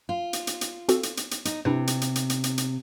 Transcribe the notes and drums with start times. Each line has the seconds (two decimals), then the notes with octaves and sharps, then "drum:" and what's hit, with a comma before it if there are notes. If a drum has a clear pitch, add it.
0.09 F4
0.33 drum: hi-hat
0.47 drum: hi-hat
0.61 drum: hi-hat
0.89 C4 F#4 A4, drum: hi-hat
1.03 drum: hi-hat
1.17 drum: hi-hat
1.31 drum: hi-hat
1.45 D#4, drum: hi-hat
1.65 C3 D4 E4 B4
1.87 drum: hi-hat
2.01 drum: hi-hat
2.16 drum: hi-hat
2.30 drum: hi-hat
2.44 drum: hi-hat
2.58 drum: hi-hat